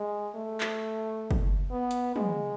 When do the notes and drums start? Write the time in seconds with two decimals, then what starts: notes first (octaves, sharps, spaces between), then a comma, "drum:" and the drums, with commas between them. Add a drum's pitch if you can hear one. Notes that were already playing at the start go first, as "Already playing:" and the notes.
Already playing: G#3
0.35 A3
0.61 drum: clap
1.31 drum: kick
1.71 B3
1.91 drum: hi-hat
2.16 G#3, drum: tom